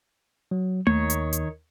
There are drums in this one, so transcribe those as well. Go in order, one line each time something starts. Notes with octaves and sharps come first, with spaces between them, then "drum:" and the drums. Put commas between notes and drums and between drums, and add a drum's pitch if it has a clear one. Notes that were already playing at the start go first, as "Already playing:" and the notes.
F#3
D#2 D#3 C#5, drum: tom A3
drum: hi-hat
drum: hi-hat